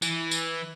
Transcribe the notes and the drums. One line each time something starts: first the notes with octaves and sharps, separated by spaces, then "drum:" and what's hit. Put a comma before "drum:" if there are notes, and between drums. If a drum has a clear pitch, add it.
E3, drum: tambourine
drum: tambourine